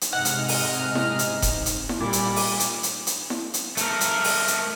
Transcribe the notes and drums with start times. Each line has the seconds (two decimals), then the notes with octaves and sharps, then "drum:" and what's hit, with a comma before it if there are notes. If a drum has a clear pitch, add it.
0.01 drum: hi-hat
0.13 G#2 C3 D#4 G#4 D#5 F#5 F6
0.25 drum: hi-hat
0.48 drum: open hi-hat
0.95 drum: snare E4
1.19 drum: hi-hat
1.42 drum: kick F1, hi-hat
1.66 drum: hi-hat
1.89 drum: snare E4
2.01 A#2 G3 B5 D6
2.13 drum: hi-hat
2.36 drum: open hi-hat
2.60 drum: hi-hat
2.83 drum: hi-hat
3.07 drum: hi-hat
3.30 drum: snare E4
3.54 drum: hi-hat
3.77 A3 A#4, drum: hi-hat
4.01 drum: hi-hat
4.24 drum: open hi-hat
4.48 drum: hi-hat